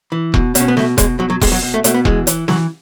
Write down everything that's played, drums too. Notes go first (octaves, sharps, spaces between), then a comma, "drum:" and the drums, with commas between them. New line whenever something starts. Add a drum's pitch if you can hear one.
E3
B2, drum: kick E1
B2, drum: hi-hat
C#4
B3
B2 A3, drum: snare
B2 G#3, drum: kick E1, hi-hat
B2 F#3
F#3
B2 G#3, drum: kick E1, open hi-hat
F#3
B2
A3
B2 A3, drum: hi-hat
B3
E3 G#3, drum: kick E1
E3, drum: hi-hat
E3 F#3, drum: snare